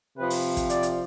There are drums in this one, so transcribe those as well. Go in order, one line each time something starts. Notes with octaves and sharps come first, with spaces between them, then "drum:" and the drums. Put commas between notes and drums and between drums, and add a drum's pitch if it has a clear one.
C3 F3 B4
drum: open hi-hat
drum: kick, hi-hat
D5, drum: hi-hat
drum: hi-hat